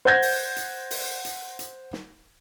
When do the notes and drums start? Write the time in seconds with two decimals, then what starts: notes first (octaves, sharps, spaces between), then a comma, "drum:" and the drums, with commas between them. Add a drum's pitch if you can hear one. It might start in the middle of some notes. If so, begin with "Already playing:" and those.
0.05 C5 F#5 G6 G#6 A#6
0.22 drum: open hi-hat
0.56 drum: hi-hat
0.91 drum: open hi-hat
1.25 drum: hi-hat
1.59 drum: hi-hat
1.93 drum: snare